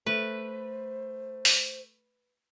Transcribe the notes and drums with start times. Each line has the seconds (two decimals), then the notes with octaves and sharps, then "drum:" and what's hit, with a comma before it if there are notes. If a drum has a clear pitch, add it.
0.06 A3 B4 C5
1.45 drum: open hi-hat